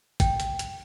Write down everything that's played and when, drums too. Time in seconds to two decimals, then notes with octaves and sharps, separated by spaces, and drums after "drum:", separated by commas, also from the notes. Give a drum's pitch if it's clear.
0.20 G5, drum: kick, hi-hat
0.40 drum: hi-hat
0.59 drum: hi-hat